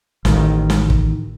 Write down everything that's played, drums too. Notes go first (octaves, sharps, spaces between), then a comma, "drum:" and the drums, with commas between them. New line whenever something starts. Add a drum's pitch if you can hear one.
A1 D#3, drum: snare
drum: snare
drum: kick